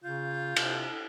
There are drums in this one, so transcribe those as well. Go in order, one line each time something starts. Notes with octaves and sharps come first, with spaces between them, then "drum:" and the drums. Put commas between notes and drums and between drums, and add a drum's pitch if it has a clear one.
C#3 F4 G6
C3, drum: cymbal